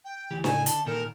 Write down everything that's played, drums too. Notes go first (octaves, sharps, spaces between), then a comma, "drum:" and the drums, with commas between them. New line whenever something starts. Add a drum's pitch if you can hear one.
G5
D2 E3 G4
A2 C#3 A4 G#5, drum: snare D4
D3 A5, drum: hi-hat
A#2 D#3 A4 A#4